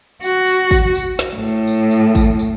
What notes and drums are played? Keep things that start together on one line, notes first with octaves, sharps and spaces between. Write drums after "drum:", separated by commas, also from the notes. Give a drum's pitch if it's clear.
F#4, drum: tambourine
drum: tambourine
drum: kick, tambourine
drum: tambourine
drum: snare
A2
drum: tambourine
drum: tambourine
drum: kick, tambourine
drum: tambourine